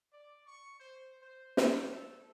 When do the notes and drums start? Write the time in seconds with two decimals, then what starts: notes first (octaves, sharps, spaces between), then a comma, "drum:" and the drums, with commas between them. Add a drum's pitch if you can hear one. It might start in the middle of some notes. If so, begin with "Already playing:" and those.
0.11 D5
0.46 C#6
0.79 C5
1.21 C5
1.57 C#5, drum: snare
1.90 A4